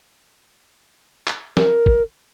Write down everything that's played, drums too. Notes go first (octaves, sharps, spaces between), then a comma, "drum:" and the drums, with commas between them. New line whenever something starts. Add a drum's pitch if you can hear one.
drum: clap
A#4, drum: snare
drum: kick